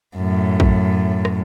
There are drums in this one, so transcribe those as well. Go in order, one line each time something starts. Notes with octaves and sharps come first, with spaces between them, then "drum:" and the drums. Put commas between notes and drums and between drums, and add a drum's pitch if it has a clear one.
F#2 A2
drum: kick
drum: rim click